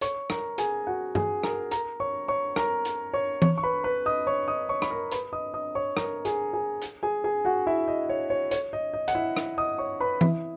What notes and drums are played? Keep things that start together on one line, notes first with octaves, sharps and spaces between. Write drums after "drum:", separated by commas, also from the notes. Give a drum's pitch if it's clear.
C#5 C#6, drum: hi-hat
A#4 A#5, drum: rim click
G#4 G#5, drum: hi-hat
F#4 F#5
G#4 G#5, drum: tom G2
A#4 A#5, drum: rim click
A#4 A#5, drum: hi-hat
C#5 C#6
C#5 C#6
A#4 A#5, drum: rim click
drum: hi-hat
C#5 C#6
C#5 C#6, drum: tom E3
C#6
B4 B5
B4 B5
D#5 D#6
C#5 C#6
D#5 D#6
C#5 C#6
B5, drum: rim click
A#4 A#5
B4 B5, drum: hi-hat
D#5 D#6
D#5 D#6
C#5 C#6
A#4 A#5, drum: rim click
G#4 G#5, drum: hi-hat
G#4 G#5
drum: hi-hat
G#4 G#5
G#4 G#5
F#4 F#5
E4 E5
D#5
C#5
C#5
C#5, drum: hi-hat
D#5
D#5
F#5, drum: hi-hat
E4 E5
drum: rim click
D#5 D#6
C#5 C#6
B4 B5
E4 E5, drum: tom E3